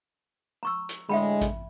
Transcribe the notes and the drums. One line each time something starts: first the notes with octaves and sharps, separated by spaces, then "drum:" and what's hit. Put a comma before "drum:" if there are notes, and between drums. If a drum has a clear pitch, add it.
A#5 C#6 E6
drum: hi-hat
A2 D3 G#3 E5 G5 B5
drum: kick A1, hi-hat